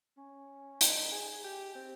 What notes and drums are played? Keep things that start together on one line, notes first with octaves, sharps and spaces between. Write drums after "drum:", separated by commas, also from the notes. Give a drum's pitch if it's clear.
C#4
D#4, drum: hi-hat
G#4
G#4
G4
C4